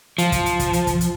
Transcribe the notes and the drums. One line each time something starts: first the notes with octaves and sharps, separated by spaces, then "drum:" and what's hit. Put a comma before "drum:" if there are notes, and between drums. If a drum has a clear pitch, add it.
F3, drum: hi-hat
drum: kick, hi-hat
drum: hi-hat
drum: kick, hi-hat
drum: hi-hat
drum: kick, hi-hat
drum: hi-hat